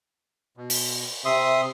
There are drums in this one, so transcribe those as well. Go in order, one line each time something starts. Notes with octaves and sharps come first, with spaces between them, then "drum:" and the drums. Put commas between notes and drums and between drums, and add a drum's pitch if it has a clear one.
B2
drum: open hi-hat
C3 E5 C6 D#6